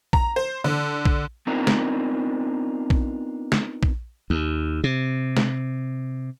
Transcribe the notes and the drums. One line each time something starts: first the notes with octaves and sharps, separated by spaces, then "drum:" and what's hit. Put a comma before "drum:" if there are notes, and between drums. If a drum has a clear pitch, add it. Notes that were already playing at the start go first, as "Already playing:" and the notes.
A#5, drum: kick A#1
C5
D3
drum: kick A#1
B3 C4 D4 D#4 F4 A#4
drum: snare
drum: kick A#1
drum: snare
drum: kick A#1
D#2
C3
drum: snare